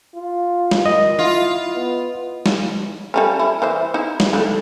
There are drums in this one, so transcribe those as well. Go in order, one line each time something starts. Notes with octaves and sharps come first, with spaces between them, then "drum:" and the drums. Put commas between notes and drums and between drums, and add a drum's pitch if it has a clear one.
F4
drum: snare
D#3 D#5
E4 F4
B3
drum: snare
G3 A3 C#4
E4
E3 C5 E5
D#4 E4
drum: snare
D3 A3